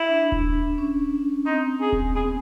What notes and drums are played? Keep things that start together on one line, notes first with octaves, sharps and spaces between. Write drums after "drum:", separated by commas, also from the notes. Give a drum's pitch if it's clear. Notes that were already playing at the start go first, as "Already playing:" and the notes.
Already playing: E4
D4
drum: kick D#1
C#4
C4 D#4
G#4
drum: kick D#1
B3 G#4